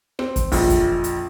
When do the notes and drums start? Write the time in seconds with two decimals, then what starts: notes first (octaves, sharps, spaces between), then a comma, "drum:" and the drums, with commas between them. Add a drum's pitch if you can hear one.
0.19 C4, drum: rim click
0.36 drum: kick, hi-hat
0.52 A#1 F2, drum: kick, open hi-hat
0.70 drum: kick, hi-hat
1.04 drum: hi-hat